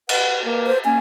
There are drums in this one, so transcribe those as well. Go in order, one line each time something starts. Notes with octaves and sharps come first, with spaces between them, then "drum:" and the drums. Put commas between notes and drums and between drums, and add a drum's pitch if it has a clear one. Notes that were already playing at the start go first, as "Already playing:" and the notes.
B4 F#5, drum: cymbal
A#3 B4
C5
A#3 C#4 G#5